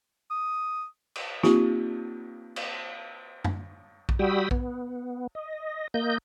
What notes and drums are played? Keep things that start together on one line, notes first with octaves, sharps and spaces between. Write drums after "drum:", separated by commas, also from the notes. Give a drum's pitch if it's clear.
D#6
drum: cymbal
A#3 C4 D#4 F4 G4, drum: snare
drum: cymbal
drum: tom F#2
drum: kick A#1
G3 F#4 G5 B5 D#6 E6
B3, drum: kick A#1
D#5
A#3 D#5 G6